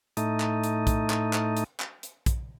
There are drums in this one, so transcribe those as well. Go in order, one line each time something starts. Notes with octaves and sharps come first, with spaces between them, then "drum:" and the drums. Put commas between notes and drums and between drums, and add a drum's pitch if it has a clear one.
A2 A3 D#4, drum: hi-hat
drum: clap
drum: hi-hat
drum: kick, hi-hat
drum: clap
drum: clap
drum: hi-hat
drum: clap
drum: hi-hat
drum: kick, hi-hat